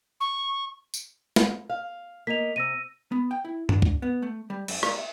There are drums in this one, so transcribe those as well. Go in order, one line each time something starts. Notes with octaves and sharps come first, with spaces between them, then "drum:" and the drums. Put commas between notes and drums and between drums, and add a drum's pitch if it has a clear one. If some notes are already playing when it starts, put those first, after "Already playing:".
C#6
drum: tambourine
drum: snare
F5
A#3 D#5 B6 F7
C3 E6 A#6 D#7
B3
G5
E4
D4, drum: tom G2
drum: kick
B3
A3
G3
F#2, drum: cymbal
A#4, drum: rim click
E5